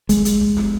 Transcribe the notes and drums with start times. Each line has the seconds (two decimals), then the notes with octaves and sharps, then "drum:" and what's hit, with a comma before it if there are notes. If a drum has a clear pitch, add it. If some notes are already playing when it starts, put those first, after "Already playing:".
0.09 G#3, drum: kick, hi-hat
0.25 drum: hi-hat
0.41 drum: kick
0.57 drum: snare